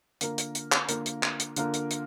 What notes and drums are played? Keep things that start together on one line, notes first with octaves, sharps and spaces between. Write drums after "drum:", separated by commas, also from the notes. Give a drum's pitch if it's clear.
D3 A#3 F4 A#4, drum: hi-hat
drum: hi-hat
drum: hi-hat
drum: clap
D3 A#3 F4 A#4, drum: hi-hat
drum: hi-hat
drum: clap
drum: hi-hat
D3 A#3 F4 A#4, drum: hi-hat
drum: hi-hat
drum: hi-hat